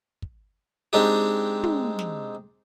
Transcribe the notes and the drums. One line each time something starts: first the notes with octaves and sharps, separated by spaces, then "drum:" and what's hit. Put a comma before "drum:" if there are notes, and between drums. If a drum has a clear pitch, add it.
drum: kick
G#3 C4 D4 D#4 G4
drum: tom
drum: snare